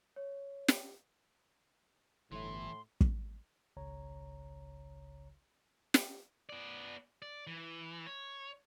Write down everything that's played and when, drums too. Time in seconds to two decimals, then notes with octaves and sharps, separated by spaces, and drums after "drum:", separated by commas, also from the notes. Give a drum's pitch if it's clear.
0.16 C#5
0.68 drum: snare
2.32 G1 A2 E3 E4 C6
3.01 drum: kick
3.77 G#1 C#2 C#3 C#5 A#5
5.94 drum: snare
6.49 B3 D5
7.22 D5
7.47 E3
8.06 C#5